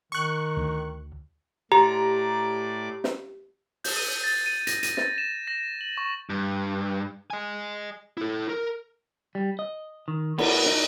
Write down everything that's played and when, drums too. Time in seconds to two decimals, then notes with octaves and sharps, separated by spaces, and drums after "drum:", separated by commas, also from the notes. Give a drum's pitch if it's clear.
0.12 D#3 C#6 F#6
0.57 D2
1.72 A2 G4 D5 A#5 D6
3.04 drum: snare
3.84 G6, drum: open hi-hat
3.97 D#7
4.24 A6
4.46 D#7
4.67 A#6, drum: hi-hat
4.83 D#7, drum: hi-hat
4.97 A6, drum: snare
5.18 E7
5.48 A#6
5.81 F#7
5.97 C#6
6.30 G2
7.30 D#5 G#5
8.17 E4 A4
8.49 A#4
9.35 G3
9.59 D#5
10.08 D#3
10.38 B3, drum: cymbal
10.66 D#4